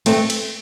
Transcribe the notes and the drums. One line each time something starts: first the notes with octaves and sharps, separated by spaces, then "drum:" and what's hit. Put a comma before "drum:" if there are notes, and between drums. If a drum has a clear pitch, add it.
A3 C4, drum: cymbal
drum: cymbal